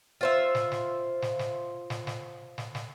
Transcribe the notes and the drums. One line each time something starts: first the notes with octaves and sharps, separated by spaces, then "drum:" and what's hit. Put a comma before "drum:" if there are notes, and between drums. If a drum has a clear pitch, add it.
F4 C5 E5
drum: snare
drum: snare
drum: snare
drum: snare
drum: snare
drum: snare
drum: snare
drum: snare